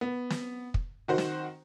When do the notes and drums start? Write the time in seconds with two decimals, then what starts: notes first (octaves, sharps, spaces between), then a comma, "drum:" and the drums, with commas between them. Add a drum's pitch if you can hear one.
0.01 B3
0.30 drum: snare
0.74 drum: kick
1.08 D#3 F#4 C5
1.18 drum: snare